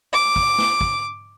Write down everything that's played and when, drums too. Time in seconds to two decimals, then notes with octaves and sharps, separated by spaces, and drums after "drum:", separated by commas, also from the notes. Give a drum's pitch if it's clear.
0.13 D6
0.36 drum: kick
0.58 drum: snare
0.81 drum: kick